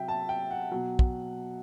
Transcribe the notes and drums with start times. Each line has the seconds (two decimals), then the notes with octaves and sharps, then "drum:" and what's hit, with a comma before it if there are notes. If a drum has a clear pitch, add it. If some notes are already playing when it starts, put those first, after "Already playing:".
Already playing: C3 F#3 E5 G5
0.08 A5
0.29 G5
0.51 F#5
0.71 B2 F#3
0.99 drum: kick